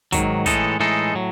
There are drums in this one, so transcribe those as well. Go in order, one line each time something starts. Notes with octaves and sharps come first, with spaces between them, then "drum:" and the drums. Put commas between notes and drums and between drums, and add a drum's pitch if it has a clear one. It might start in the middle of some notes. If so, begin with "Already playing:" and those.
G#2 D#3 F#3, drum: kick, hi-hat
A2 E3 G#3 D#4 A4, drum: kick, hi-hat
A2 E3 G#3 D#4 A4
A2 F#3